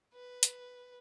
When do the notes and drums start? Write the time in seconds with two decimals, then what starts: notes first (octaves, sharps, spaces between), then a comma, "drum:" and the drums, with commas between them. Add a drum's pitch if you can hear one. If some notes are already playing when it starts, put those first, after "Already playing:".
0.14 B4
0.43 drum: hi-hat